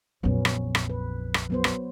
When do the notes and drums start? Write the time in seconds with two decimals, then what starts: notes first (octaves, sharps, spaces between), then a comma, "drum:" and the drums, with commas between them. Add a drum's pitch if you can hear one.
0.23 A#1 F2 F#3 B3 C#4
0.45 drum: rim click
0.75 drum: rim click
0.90 B4
1.34 drum: rim click
1.50 F#3 B3 C5
1.64 drum: rim click